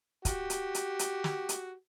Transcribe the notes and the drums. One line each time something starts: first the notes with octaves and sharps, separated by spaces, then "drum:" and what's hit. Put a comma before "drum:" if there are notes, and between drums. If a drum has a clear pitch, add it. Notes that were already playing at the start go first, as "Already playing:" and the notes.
F#4 G4, drum: kick, hi-hat
drum: hi-hat
drum: hi-hat
drum: hi-hat
drum: snare
drum: hi-hat